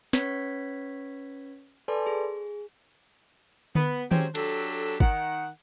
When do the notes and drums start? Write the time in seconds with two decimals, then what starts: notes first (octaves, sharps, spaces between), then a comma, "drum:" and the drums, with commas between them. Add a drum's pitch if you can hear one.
0.13 C#4 B4 C#5 C#6 G#6 B6, drum: snare
1.88 A4 B4 D5 G#5 A5 C6
2.07 G#4
3.75 B3, drum: tom D3
4.11 F#3 G#3 C4 C#4 G4 C5, drum: tom D#3
4.35 F#3 D4 G4 A4, drum: hi-hat
5.00 D#3 F#5, drum: kick G1